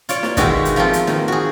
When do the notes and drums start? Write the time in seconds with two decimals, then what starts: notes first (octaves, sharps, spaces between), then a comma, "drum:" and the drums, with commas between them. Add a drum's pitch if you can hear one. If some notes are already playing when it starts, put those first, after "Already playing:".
0.09 F4 C#5 D5, drum: hi-hat
0.23 drum: snare
0.37 B2 D#3 G#3 F#4 G4 E5, drum: kick, hi-hat
0.65 drum: hi-hat
0.76 F3 A3 A#3 C4 F4
0.93 drum: hi-hat
1.07 D#3, drum: snare
1.28 F#4 G#4